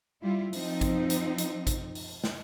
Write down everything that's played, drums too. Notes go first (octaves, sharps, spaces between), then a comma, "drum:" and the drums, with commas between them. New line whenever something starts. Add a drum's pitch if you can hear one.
G3 E4 F4
F3 C4 D#4, drum: open hi-hat
drum: kick A1, hi-hat
drum: hi-hat
drum: hi-hat
drum: kick A1, hi-hat
drum: open hi-hat
drum: snare